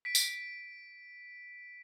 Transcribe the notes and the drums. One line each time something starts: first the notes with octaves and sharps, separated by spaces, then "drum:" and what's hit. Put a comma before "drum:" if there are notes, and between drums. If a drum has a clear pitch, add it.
B6 D7
drum: tambourine